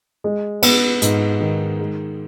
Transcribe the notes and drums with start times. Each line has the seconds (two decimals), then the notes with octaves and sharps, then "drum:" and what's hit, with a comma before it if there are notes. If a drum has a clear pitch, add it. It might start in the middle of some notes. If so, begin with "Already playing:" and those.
0.24 G#3
0.62 B3, drum: cymbal
1.02 G#2, drum: hi-hat
1.40 D#3
1.80 G#3